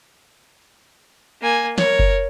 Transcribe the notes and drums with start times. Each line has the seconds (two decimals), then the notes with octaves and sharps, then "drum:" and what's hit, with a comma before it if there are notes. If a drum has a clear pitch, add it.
1.42 A#3 G#5
1.78 A#4 C#5, drum: snare
1.99 drum: kick F#1